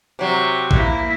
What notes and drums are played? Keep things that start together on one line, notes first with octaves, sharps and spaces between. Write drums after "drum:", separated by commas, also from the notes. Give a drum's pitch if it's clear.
C3 F#3
A#3 E4, drum: kick